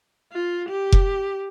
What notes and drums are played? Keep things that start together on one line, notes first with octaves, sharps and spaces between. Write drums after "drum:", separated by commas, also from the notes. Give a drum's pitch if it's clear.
F4
G4
drum: kick F1